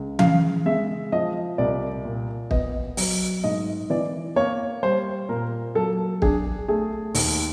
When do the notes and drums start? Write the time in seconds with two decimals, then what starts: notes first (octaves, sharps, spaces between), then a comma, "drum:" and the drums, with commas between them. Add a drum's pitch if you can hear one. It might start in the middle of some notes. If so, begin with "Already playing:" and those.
Already playing: C#2
0.19 C#3 F5, drum: tom E3
0.66 G#3 E5
1.12 F3 D#5
1.58 C2 D5
2.05 A#2
2.51 B3 D#5, drum: kick
2.97 F#3, drum: open hi-hat
3.44 G#2 D#5
3.90 E3 D5
4.36 A#3 C#5
4.83 G3 C5
5.29 A#2 A#4
5.75 F#3 A4
6.22 D4 G#4, drum: kick
6.68 A3 G#4
7.15 D#2, drum: open hi-hat